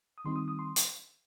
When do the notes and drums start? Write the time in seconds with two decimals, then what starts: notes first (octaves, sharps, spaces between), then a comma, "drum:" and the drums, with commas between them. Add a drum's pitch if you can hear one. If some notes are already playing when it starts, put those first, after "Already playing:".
0.18 D#6
0.25 D#3 G3 C4 D#4 C6
0.36 D#6
0.48 D#6
0.59 C6
0.76 drum: hi-hat